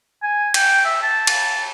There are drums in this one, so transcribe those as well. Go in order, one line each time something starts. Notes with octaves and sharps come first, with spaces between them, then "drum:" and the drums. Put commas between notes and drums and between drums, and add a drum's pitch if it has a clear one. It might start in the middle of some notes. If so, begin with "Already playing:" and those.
G#5
G5, drum: cymbal
E5
A5
drum: cymbal